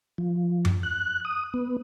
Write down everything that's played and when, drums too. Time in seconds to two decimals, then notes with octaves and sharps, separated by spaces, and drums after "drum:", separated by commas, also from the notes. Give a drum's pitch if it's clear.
0.18 F3
0.65 drum: tom F#2
0.83 F#6
1.25 D#6
1.54 B3